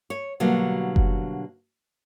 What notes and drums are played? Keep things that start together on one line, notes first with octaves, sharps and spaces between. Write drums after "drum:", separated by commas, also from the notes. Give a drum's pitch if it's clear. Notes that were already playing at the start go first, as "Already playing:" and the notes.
C#5
B2 D3 F#3 G3 A#3
drum: kick F#1